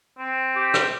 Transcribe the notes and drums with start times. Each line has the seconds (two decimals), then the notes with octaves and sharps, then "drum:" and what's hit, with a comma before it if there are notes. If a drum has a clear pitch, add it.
0.19 C4
0.56 G4
0.74 drum: rim click